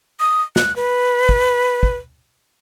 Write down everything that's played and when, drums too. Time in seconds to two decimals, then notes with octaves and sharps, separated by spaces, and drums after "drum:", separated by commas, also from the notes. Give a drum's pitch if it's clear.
0.20 D#6
0.56 F#6, drum: snare
0.76 B4
1.29 drum: kick
1.83 drum: kick